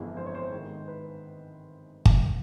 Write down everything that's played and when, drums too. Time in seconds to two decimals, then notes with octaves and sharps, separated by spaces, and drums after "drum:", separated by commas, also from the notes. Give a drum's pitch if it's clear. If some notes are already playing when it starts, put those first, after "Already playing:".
Already playing: G1 F2 C3 E3 G#3
0.17 C5
0.26 C#5
0.34 C5
0.52 G#2 D#3 G#3 C4
0.88 B4
2.05 drum: kick